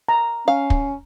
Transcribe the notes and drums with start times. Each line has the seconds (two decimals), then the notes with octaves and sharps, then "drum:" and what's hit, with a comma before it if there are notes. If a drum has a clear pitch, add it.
0.09 A#5
0.48 C#4 F5
0.70 drum: kick